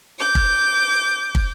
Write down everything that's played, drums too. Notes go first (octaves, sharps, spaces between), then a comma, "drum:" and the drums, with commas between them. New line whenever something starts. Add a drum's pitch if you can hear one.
D6 G6
drum: kick
drum: kick